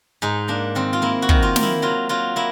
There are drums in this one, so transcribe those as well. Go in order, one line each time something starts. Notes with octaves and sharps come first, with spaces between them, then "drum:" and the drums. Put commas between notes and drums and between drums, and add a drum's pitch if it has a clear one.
G#2 D#4
A#3 D4
D#3 C4
F4
A#3 E4
F#4
D#3, drum: kick
F4
A#3, drum: snare
E4
F#3 F4
F#3 F4
A#3 E4